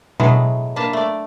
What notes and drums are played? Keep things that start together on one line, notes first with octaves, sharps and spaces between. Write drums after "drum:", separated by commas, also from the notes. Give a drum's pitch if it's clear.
A2 E3 F#3 G#3 B3, drum: tom B2
A#3 D4 B4 D5 A5
A3 D5